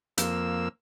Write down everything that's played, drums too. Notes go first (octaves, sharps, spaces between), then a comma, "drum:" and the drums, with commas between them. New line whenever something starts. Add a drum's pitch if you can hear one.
F2 A#3 E6, drum: hi-hat